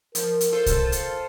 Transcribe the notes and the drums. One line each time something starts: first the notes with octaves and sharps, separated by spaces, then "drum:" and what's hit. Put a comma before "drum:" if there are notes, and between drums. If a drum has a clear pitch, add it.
F3 A#4, drum: hi-hat
drum: hi-hat
F4 A4 C5
drum: kick, hi-hat
drum: hi-hat